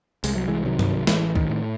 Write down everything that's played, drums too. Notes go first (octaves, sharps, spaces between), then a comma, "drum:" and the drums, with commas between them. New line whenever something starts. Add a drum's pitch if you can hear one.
C2 G#3, drum: open hi-hat
F#3
E3 G#3
C3 D#3 F#3
drum: tom G2
A1 E3, drum: snare
D#3, drum: kick
A2